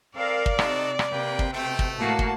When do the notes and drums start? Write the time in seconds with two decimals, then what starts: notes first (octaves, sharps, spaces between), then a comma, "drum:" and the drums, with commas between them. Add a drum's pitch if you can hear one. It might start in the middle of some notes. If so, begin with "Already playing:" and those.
0.16 C4 A4 A#4 D5 F5
0.46 drum: kick
0.59 C3 D#4 F#4 A4, drum: rim click
0.99 drum: rim click
1.12 C3 A#3 B4 G5
1.39 drum: kick
1.52 B2 A3 G5
1.79 drum: kick
1.99 A2 A#3 F#4 A5
2.19 drum: kick